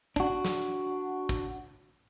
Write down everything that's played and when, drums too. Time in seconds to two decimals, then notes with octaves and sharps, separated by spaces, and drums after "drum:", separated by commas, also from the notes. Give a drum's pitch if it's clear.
0.16 D4 F#4, drum: kick
0.45 drum: snare
1.29 drum: kick